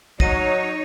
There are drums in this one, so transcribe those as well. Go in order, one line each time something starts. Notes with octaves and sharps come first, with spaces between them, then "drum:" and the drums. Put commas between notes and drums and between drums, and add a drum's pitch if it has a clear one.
F#3 D#4 C#5 A#6 D#7, drum: kick